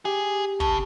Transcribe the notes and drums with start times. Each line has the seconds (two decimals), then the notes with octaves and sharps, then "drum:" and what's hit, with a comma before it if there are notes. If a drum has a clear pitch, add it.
0.05 G4 G#4
0.60 C#3 A5, drum: kick